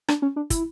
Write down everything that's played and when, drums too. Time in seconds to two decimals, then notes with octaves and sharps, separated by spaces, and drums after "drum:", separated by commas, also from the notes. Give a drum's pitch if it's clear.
0.08 D4, drum: rim click
0.22 C#4
0.36 D4
0.50 E4, drum: kick, hi-hat